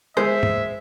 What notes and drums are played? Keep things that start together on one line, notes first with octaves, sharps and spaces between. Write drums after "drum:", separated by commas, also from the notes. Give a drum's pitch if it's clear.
G#3 C5 E5
drum: tom